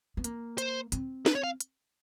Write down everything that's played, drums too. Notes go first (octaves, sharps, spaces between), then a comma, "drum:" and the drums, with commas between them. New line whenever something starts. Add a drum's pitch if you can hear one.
B3
A#3, drum: hi-hat
C5, drum: hi-hat
C4, drum: hi-hat
B4, drum: snare
C#5
F5
drum: hi-hat